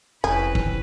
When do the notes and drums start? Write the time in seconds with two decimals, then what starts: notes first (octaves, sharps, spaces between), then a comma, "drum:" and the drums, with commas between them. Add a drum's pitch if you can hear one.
0.24 F1 C4 C#4 E4 G4 G#4 B4
0.55 drum: kick